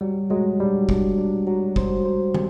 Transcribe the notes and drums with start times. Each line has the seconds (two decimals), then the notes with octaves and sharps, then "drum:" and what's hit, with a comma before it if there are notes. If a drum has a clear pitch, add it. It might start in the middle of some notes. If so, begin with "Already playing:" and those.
0.01 F#3 G3
0.30 F#3 G#3
0.60 G3 D4
0.89 D4, drum: kick
1.18 D4
1.47 F#3
1.76 C5, drum: kick
2.05 C5
2.34 G4, drum: tom